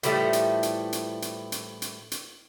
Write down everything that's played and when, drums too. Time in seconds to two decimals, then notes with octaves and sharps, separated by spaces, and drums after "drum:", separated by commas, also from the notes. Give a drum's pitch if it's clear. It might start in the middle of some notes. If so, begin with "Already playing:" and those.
0.03 A2 E3 F3 G3 A3, drum: hi-hat
0.33 drum: hi-hat
0.63 drum: hi-hat
0.93 drum: hi-hat
1.22 drum: hi-hat
1.52 drum: hi-hat
1.82 drum: hi-hat
2.12 drum: hi-hat